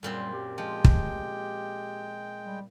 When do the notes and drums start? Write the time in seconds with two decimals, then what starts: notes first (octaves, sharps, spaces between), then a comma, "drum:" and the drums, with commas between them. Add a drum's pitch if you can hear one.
0.03 F#2 A#2 G3 C4
0.34 G4
0.58 F3 G#3 G5
0.84 drum: kick
2.46 G3